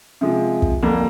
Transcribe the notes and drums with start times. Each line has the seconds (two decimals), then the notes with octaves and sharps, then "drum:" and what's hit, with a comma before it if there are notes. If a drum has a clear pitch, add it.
0.21 C3 F3 G#3
0.62 drum: kick
0.83 F2 D3 G3 A#3